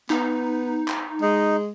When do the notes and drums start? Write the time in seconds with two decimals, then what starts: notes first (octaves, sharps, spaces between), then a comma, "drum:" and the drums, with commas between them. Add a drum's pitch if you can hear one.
0.10 B3 D#4, drum: clap
0.88 drum: clap
1.22 G#3 D#4